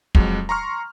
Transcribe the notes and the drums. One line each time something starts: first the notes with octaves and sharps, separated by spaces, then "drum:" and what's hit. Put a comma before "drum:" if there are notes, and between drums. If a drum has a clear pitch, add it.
F2 F#3 G#3, drum: kick
A#5 C6 C#6 F6